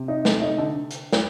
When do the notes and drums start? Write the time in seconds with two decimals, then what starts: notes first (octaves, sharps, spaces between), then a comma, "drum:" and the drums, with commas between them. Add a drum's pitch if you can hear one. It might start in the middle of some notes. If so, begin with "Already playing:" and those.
Already playing: C3
0.08 D#4
0.25 A3, drum: snare
0.42 D#4
0.58 D3
0.91 drum: hi-hat
1.13 drum: snare